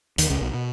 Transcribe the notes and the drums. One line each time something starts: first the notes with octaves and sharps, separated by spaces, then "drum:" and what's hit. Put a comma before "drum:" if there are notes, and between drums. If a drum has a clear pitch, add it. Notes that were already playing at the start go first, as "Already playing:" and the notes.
D#2 D#3, drum: hi-hat
C#2 C#3
B1 B2
B2